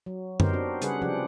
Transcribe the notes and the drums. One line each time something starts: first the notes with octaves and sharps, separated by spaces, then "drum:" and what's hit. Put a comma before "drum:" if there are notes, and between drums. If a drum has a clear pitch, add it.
F#3
B3 D#4 G4 A#4 C5, drum: tom F#2
C4 D4 F#4
C#3 G3 G#4 B4 F#5, drum: hi-hat
C3 F3 C4 D4 G4 F#5